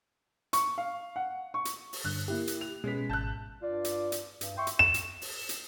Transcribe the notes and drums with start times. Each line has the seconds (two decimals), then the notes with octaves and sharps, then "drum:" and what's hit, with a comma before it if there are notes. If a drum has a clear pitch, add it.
0.53 C#6, drum: hi-hat
0.78 F5
1.16 F#5
1.54 C#6
1.65 drum: hi-hat
1.93 drum: open hi-hat
2.04 G2 D3 F#6
2.28 A#3 E4 G4
2.47 drum: hi-hat
2.61 F7
2.84 B2 G#3 B3 C#4 B6
3.10 G#1 A5 F#6 G6
3.63 G2 F4 D5
3.85 drum: hi-hat
4.12 drum: hi-hat
4.41 G2, drum: hi-hat
4.58 E5 G5 C6 C#6
4.67 drum: hi-hat
4.79 E7
4.94 drum: hi-hat
5.22 drum: open hi-hat
5.49 drum: hi-hat